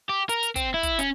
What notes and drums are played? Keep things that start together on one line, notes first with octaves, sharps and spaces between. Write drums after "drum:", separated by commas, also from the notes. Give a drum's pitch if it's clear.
G4
A#4, drum: hi-hat
drum: hi-hat
C4, drum: kick, hi-hat
E4
drum: kick, hi-hat
C#4, drum: hi-hat